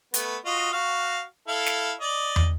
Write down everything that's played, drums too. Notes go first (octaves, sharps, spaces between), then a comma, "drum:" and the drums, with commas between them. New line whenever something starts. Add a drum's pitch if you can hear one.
A3 B3, drum: hi-hat
F4 F#4 D#5
F#4 F5
E4 A4 F5
drum: snare
D5 D#5
drum: tom